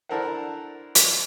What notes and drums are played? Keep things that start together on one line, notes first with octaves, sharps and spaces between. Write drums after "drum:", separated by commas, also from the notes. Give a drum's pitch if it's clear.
D4 E4 A4 A#4 C5 F#5
drum: hi-hat